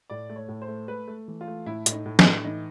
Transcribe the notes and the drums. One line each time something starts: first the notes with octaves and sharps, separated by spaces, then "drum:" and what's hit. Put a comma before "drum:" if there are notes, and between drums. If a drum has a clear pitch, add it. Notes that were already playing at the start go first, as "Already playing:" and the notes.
A2 D5
A3
C#5
A2
C5
A3
A3 B4
A3
E3
F4
A3
A2 E4
A2, drum: hi-hat
D#4
A2
D4, drum: snare
A2
E3 D#4